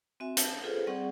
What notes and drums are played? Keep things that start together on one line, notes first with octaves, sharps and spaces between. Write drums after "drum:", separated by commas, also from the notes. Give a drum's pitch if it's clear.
C4 F#4 E5 G#5
A5, drum: hi-hat
F4 G#4 A4 B4 C5
G3 C4 G#4 D5 F#5 C#6